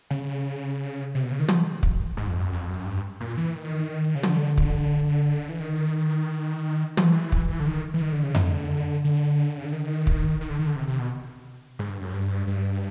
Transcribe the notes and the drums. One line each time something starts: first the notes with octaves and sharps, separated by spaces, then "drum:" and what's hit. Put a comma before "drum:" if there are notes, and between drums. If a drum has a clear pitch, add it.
C#3
C3
B2
C#3
D#3
drum: tom
drum: kick
G#2
F2
F#2
F2
F#2
G2
A#2
E3
D#3
C#3
D3, drum: tom
drum: kick
E3
D#3
E3, drum: tom
drum: kick
D3
D#3
E3
D#3
D3
C#3
D3, drum: tom F2
D3
C#3
D3
D#3
drum: kick
D#3
D3
D#3
D3
C3
C3
B2
G#2
G2
F#2
G2
G2